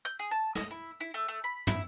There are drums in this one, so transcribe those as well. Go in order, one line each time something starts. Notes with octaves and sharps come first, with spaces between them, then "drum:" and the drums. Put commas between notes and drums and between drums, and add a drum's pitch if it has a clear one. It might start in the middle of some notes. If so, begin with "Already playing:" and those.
G6
G#4
A5
D#5, drum: snare
E4
E4
A3
A3
B5
E4, drum: tom